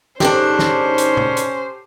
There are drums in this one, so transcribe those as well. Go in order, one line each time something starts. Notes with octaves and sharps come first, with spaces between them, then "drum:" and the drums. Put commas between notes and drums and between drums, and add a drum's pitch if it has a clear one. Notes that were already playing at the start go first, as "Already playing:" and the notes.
G#2 D#3 C#4 D4 G4 A4 C5, drum: snare
drum: snare
drum: hi-hat
drum: tom
drum: hi-hat